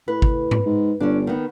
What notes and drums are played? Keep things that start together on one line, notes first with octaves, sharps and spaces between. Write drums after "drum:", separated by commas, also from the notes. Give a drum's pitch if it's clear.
A2 B4
drum: kick G#1
drum: tom G#2
G#2
G1 C#4 D4
D#3 B3